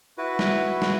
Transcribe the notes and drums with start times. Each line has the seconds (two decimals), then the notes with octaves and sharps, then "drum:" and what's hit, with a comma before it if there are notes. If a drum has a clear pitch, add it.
0.18 E4 F#4 B4
0.39 drum: snare
0.82 drum: snare